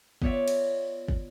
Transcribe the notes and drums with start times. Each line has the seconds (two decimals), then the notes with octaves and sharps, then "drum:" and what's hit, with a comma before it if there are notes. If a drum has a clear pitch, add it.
0.22 B3 F4 C#5 D5 E5 F#5, drum: kick
0.48 drum: cymbal
1.08 drum: kick